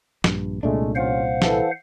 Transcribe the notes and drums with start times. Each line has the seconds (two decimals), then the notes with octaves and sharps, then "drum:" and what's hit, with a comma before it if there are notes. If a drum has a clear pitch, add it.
0.24 A#1 G2, drum: snare
0.63 C2 A#2 D3 G#3 A3 D4
0.96 A1 C#4 F4 C5 F5 F#5
1.42 E3 A4, drum: snare